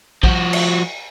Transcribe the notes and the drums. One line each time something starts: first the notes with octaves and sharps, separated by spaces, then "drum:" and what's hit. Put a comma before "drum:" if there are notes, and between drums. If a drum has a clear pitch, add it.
F3 F#4, drum: kick A#1
drum: cymbal